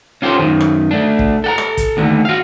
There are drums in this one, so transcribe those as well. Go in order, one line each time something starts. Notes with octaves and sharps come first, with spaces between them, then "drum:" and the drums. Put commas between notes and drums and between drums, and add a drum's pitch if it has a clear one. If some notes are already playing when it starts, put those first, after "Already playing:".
C#4 F4 G4 A4 C5
F#2 D#3
drum: rim click
A3 D4
drum: kick
A4 F#5 A#5
drum: rim click
drum: kick, hi-hat
D#2 D3 A3
F#4 F5